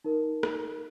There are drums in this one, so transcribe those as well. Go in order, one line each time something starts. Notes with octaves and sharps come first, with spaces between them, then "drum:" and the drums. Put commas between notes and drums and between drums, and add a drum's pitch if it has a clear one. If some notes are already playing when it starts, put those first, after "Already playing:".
D#4 A#4
drum: rim click